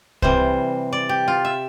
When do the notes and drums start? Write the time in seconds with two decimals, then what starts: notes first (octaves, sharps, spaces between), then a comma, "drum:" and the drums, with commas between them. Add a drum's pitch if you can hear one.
0.22 C3 E3 G3 C5, drum: kick C2
0.93 D5
1.09 G4
1.28 F4
1.45 E5